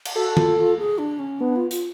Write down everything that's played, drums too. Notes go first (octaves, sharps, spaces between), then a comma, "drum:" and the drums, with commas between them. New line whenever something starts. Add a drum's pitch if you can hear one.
drum: cymbal
F#4 A4
F4, drum: tom D#3
F4
G#4
D4
C#4
B3 D4
F4
F4, drum: hi-hat